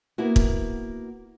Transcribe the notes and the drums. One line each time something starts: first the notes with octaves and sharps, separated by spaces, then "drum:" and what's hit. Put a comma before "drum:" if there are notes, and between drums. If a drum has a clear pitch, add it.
A#3 B3 E4 F#4
drum: kick